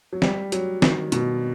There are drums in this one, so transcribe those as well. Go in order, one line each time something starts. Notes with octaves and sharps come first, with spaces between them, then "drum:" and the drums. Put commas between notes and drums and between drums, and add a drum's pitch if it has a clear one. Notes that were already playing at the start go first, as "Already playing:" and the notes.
F#3
G3, drum: snare
F#3, drum: hi-hat
D#3, drum: snare
B2, drum: hi-hat